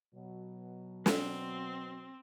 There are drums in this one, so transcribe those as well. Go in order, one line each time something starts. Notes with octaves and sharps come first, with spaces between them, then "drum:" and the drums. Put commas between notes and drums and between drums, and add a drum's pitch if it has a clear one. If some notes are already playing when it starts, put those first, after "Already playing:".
B2 F#3
C4, drum: snare